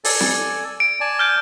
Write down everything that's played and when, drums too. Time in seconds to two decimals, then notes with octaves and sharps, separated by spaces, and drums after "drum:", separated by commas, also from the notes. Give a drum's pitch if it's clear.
0.05 A4 D5 G#5, drum: open hi-hat
0.20 drum: snare
0.80 D7
1.00 D5 G#5 A5
1.19 F6 G6 D7